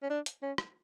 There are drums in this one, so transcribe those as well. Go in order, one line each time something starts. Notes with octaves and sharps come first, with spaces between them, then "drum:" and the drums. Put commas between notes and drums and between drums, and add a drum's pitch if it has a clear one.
C#4
D4
drum: hi-hat
C#4
drum: rim click